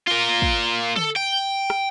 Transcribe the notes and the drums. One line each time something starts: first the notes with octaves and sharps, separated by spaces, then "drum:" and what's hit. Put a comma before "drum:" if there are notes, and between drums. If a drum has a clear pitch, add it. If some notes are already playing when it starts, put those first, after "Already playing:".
F4 A#4
drum: kick
A4, drum: tom D3
G5
drum: rim click